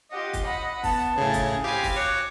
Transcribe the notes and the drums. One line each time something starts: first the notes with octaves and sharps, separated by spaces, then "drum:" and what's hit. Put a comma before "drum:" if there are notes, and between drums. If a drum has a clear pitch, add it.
F4 G4 D#5 F#5
drum: kick, hi-hat
F#5 B5
B3 A5, drum: kick, open hi-hat
A2 C#3 G#4
drum: kick, hi-hat
C4 G4 F5 G#5 B5
drum: kick, open hi-hat
F#4 C#5 D6